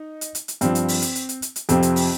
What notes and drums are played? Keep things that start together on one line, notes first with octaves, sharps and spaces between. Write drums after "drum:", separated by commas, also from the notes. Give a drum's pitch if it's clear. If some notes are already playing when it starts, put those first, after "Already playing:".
Already playing: D#4
drum: hi-hat
drum: hi-hat
drum: hi-hat
G2 F3 C4, drum: hi-hat
drum: hi-hat
drum: open hi-hat
drum: hi-hat
drum: hi-hat
drum: hi-hat
drum: hi-hat
drum: hi-hat
F2 C3 F3 C4, drum: hi-hat
drum: hi-hat
drum: open hi-hat